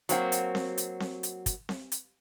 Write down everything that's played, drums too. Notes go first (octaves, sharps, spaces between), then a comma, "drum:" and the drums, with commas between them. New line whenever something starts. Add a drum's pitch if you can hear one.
F#3 A#3 C4 F4 F#4, drum: hi-hat
drum: hi-hat
drum: snare C4
drum: hi-hat
drum: snare C4
drum: hi-hat
drum: kick, hi-hat
drum: snare C4
drum: hi-hat